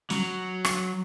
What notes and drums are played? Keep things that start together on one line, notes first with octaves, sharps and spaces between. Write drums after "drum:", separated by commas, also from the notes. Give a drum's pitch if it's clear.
F#3, drum: snare
drum: rim click